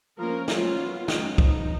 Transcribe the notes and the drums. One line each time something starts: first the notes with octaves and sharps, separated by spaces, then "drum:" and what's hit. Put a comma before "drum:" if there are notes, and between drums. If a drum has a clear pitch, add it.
F3 A#3 C#4 A#4
F#3 A#3 C#4 F4, drum: snare
F#3 B3
F#3 C#4 D#4, drum: snare
F3 G#3 B3 D#4, drum: kick